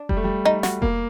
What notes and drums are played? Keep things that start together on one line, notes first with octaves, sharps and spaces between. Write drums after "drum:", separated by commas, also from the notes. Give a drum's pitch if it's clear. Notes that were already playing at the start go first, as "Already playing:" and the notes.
Already playing: D4
G3, drum: kick F1
A3
G3
A3 D#4
F#4, drum: snare
A#3, drum: kick F1